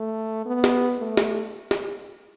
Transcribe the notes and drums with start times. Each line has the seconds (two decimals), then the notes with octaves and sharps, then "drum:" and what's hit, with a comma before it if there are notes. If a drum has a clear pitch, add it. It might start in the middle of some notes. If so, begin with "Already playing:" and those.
Already playing: A3
0.46 B3
0.64 drum: snare
0.99 A3
1.17 drum: snare
1.71 drum: snare